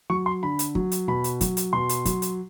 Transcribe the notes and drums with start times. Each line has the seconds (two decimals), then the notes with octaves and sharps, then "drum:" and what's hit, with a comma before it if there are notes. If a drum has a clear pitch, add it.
0.10 F#3 C#6
0.26 C6
0.43 D3 B5
0.59 drum: hi-hat
0.75 F#3, drum: kick
0.92 drum: hi-hat
1.08 B2 B5
1.24 drum: hi-hat
1.41 F#3, drum: kick, hi-hat
1.57 drum: hi-hat
1.73 B2 C6
1.89 drum: hi-hat
2.05 F#3, drum: kick, hi-hat
2.22 drum: hi-hat